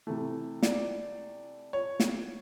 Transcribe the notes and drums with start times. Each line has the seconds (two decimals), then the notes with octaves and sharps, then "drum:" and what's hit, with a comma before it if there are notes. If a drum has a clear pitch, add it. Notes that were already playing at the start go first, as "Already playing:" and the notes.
0.07 C3 E3 A3
0.63 D5, drum: snare
1.73 C#5
2.00 drum: snare